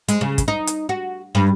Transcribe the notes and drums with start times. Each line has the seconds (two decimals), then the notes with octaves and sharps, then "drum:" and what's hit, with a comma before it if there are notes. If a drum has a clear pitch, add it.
0.08 G#3, drum: hi-hat
0.21 C#3
0.38 drum: kick, hi-hat
0.48 D#4
0.67 drum: hi-hat
0.89 F#4
1.35 G2